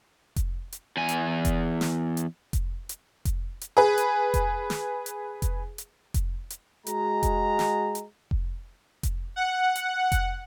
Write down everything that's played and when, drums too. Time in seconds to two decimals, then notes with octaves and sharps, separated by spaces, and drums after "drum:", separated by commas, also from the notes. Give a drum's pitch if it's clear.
0.36 drum: kick F1, hi-hat
0.72 drum: hi-hat
0.97 E2 G#5
1.09 drum: hi-hat
1.45 drum: kick F1, hi-hat
1.81 drum: snare
2.17 drum: hi-hat
2.53 drum: kick F1, hi-hat
2.89 drum: hi-hat
3.25 drum: kick F1, hi-hat
3.61 drum: hi-hat
3.77 G#4 B4
3.98 drum: hi-hat
4.34 drum: kick F1, hi-hat
4.70 drum: snare
5.06 drum: hi-hat
5.42 drum: kick F1, hi-hat
5.78 drum: hi-hat
6.14 drum: kick F1, hi-hat
6.50 drum: hi-hat
6.87 G#3 F#4 A#5, drum: hi-hat
7.23 drum: kick F1, hi-hat
7.59 drum: snare
7.95 drum: hi-hat
8.31 drum: kick F1
9.03 drum: kick F1, hi-hat
9.36 F#5
9.76 drum: hi-hat
10.12 drum: kick F1, hi-hat